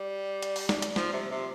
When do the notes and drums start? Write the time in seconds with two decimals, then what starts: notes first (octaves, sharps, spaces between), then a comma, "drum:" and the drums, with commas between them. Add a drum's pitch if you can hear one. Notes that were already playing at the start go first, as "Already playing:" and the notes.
Already playing: G3
0.43 drum: hi-hat
0.56 drum: open hi-hat
0.69 drum: snare
0.82 drum: hi-hat
0.96 F3, drum: snare
1.13 C3
1.31 C3